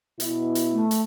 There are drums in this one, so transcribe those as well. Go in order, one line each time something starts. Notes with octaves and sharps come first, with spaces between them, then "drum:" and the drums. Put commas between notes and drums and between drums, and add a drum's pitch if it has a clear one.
B2 E4, drum: hi-hat
drum: hi-hat
A3
drum: hi-hat